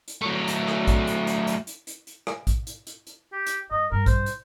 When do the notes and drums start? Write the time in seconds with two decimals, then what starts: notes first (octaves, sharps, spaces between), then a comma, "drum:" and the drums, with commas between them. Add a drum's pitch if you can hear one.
0.08 drum: hi-hat
0.21 F#3 A3
0.48 drum: hi-hat
0.67 drum: rim click
0.87 drum: kick, hi-hat
1.07 drum: hi-hat
1.27 drum: hi-hat
1.47 drum: hi-hat
1.67 drum: hi-hat
1.87 drum: hi-hat
2.07 drum: hi-hat
2.27 drum: rim click
2.47 drum: kick, hi-hat
2.67 drum: hi-hat
2.87 drum: hi-hat
3.07 drum: hi-hat
3.32 G4
3.47 drum: hi-hat
3.71 G2 D#5
3.92 G2 A#4
4.06 C5, drum: kick, hi-hat
4.26 drum: hi-hat